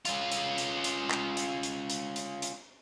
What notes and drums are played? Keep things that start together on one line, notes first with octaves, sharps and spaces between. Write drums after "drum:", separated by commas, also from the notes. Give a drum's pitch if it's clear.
C#4 F4, drum: hi-hat
drum: hi-hat
drum: hi-hat
drum: hi-hat
drum: clap
drum: hi-hat
drum: hi-hat
drum: hi-hat
drum: hi-hat
drum: hi-hat